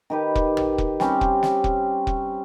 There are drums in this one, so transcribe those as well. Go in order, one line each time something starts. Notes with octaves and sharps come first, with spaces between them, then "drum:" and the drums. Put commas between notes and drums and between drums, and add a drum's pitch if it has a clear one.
D#3 G4 B4
drum: kick
drum: tom
drum: kick
G3 C4 C#4, drum: snare
drum: kick
drum: snare
drum: kick
drum: kick